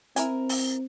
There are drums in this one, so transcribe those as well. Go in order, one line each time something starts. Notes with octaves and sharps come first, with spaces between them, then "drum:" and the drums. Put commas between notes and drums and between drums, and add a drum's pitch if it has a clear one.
C4 E4 A#4 G#5, drum: hi-hat
drum: open hi-hat